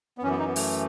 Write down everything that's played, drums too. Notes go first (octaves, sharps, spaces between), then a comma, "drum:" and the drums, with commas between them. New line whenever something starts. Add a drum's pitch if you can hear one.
B3
F#2 E3 C#4
B3
D#4
B3
A3, drum: open hi-hat